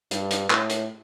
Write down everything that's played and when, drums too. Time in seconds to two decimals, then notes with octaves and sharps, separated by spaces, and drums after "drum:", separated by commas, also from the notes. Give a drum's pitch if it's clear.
0.11 G2, drum: hi-hat
0.31 drum: hi-hat
0.50 A2, drum: clap
0.70 drum: hi-hat